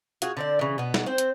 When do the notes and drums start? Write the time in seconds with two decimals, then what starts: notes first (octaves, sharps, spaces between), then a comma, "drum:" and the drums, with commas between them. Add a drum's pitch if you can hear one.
0.22 F4 F#4 G#4, drum: hi-hat
0.37 D3 C4 D5
0.59 C#3 E3
0.78 B2 B3
0.94 drum: snare
1.06 C4 C5
1.18 drum: hi-hat